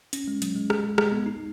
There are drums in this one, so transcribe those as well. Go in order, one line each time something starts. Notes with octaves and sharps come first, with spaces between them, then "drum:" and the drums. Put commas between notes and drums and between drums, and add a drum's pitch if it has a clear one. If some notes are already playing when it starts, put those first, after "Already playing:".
C#4, drum: hi-hat
G#3
F#3, drum: hi-hat
G#3
G#3, drum: rim click
G#3
G#3, drum: rim click
B3
D#4